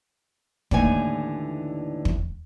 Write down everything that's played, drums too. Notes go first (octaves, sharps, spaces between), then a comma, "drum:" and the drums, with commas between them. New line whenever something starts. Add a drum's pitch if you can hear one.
D#2 A2 D3 E3 D#4 G#5, drum: kick
drum: kick